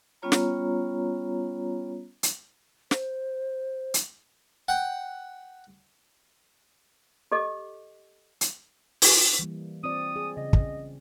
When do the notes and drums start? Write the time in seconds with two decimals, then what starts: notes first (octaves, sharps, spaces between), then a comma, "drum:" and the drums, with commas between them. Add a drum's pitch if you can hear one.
0.22 G3 B3 C#4 F4 C#5 A#5
0.32 drum: snare
2.23 drum: hi-hat
2.91 C5, drum: snare
3.94 drum: hi-hat
4.68 F#5 G5
7.32 G4 A4 D#5 D6
8.41 drum: hi-hat
9.02 drum: open hi-hat
9.39 E3 G3 A#3
9.84 C4 F4 D5 D#6
10.16 G#4
10.37 C#3 D#5
10.53 drum: kick